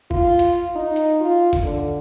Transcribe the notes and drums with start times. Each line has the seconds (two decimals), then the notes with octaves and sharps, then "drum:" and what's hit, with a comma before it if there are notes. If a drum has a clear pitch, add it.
0.11 F4, drum: kick
0.39 drum: hi-hat
0.75 D#4
0.96 drum: hi-hat
1.21 F4
1.53 drum: kick, hi-hat
1.63 D3